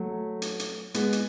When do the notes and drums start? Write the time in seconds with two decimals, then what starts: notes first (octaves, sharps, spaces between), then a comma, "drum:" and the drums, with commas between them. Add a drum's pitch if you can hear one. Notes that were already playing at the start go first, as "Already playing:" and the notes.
Already playing: F#3 A3
0.42 drum: hi-hat
0.59 drum: hi-hat
0.94 G#3 B3, drum: hi-hat
1.13 drum: hi-hat